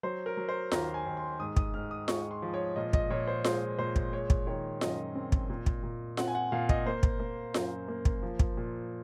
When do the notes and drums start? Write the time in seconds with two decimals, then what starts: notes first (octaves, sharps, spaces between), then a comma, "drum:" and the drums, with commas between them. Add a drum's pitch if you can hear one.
0.03 F#3 C5
0.26 A#4
0.37 F#3
0.49 C5
0.72 D#2 A#5, drum: snare F4
0.94 G#5
1.06 D#2
1.17 C6
1.40 G#2 D#6
1.57 D#6, drum: kick
1.74 G#2 F6
1.91 D#6
2.08 G#3 C#6, drum: snare F4
2.31 C6
2.42 F3
2.54 C#5
2.76 A#2 D#5
2.93 D#5, drum: kick
3.10 A#2 C#5
3.27 C5
3.44 G#3 C5, drum: snare F4
3.79 A#2 C5
3.96 drum: kick
4.13 G#3 C#5
4.30 drum: kick
4.47 D#3 C#5
4.81 F#2 D#5, drum: snare F4
5.15 C4
5.32 drum: kick
5.50 A#2
5.66 drum: kick
5.83 A#2
6.17 C4 F#5, drum: snare F4
6.28 G#5
6.35 F#5
6.52 A#2 F5
6.69 D#5, drum: kick
6.86 A#3 C5
7.03 drum: kick
7.20 A#3
7.54 F#2, drum: snare F4
7.88 A#3
8.05 drum: kick
8.22 F3
8.39 drum: kick
8.57 A#2